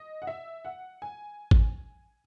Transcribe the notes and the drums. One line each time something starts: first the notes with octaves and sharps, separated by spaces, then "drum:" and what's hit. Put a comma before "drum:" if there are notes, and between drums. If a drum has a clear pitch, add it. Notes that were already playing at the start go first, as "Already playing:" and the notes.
Already playing: D#5
F#5
E5
F#5
G#5
drum: kick G#1